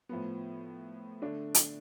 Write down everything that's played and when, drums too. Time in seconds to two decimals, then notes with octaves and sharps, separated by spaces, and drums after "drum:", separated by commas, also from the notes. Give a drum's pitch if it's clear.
0.09 A2 F3 B3
1.22 D3 A3 D4
1.54 drum: hi-hat